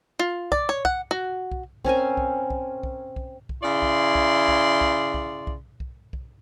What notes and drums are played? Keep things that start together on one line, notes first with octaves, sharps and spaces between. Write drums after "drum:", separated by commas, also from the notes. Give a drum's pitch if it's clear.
F4
D5, drum: kick B1
C#5
F#5, drum: kick B1
F#4
drum: kick B1
C4 C#4 A#4 G#5, drum: kick B1
drum: kick B1
drum: kick B1
drum: kick B1
drum: kick B1
drum: kick B1
C#3 E4 D5 C6
drum: kick B1
drum: kick B1
drum: kick B1
drum: kick B1
drum: kick B1
drum: kick B1
drum: kick B1
drum: kick B1